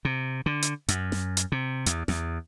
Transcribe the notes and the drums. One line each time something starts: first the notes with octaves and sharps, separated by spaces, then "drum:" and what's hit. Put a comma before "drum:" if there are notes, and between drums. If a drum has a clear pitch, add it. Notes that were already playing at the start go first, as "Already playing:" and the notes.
C3
D3
drum: hi-hat
F#2, drum: hi-hat
drum: snare
drum: hi-hat
C3
E2, drum: hi-hat
E2, drum: snare